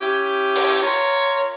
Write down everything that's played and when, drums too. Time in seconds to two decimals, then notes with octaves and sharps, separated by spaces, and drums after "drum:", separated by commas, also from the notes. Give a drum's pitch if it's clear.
0.01 C#4 E4 G4
0.56 drum: cymbal
0.82 F4 A#4 C#5